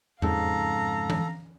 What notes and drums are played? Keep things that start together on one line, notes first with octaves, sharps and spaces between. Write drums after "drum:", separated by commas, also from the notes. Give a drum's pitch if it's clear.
F2 G#2 C#3 A4 F5 A#5, drum: tom E2
drum: tom E3